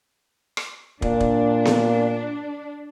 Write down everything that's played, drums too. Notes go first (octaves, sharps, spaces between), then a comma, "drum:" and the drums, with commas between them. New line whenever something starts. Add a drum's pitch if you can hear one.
drum: rim click
A#2 D4, drum: kick
drum: kick
drum: snare B3